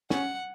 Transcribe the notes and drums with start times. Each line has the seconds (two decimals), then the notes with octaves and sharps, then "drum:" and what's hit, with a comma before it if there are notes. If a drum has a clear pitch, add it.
0.10 C#4 F#5, drum: snare